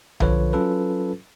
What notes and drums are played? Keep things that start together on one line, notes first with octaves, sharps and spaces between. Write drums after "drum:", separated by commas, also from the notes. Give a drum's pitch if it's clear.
D3 F3 F4 A4 B4 C#5, drum: tom B1
F#3 C#4 F4 A4 B4